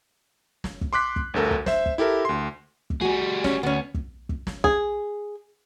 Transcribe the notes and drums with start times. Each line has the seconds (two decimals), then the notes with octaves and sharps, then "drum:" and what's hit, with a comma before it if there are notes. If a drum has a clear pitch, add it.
0.64 drum: snare
0.81 drum: kick
0.93 C6 D6 F#6 B6
1.16 drum: kick
1.34 G1 D2 A4 A#4
1.51 drum: kick
1.66 C5 E5, drum: snare
1.86 drum: kick
1.98 E4 G4 A4 A#4
2.25 D2 C6
2.90 drum: kick
3.01 G3 F#4 G#4 G#5
3.44 C#4, drum: snare
3.63 D2 B3 C#4
3.94 drum: kick
4.29 drum: kick
4.47 drum: snare
4.64 G#4, drum: kick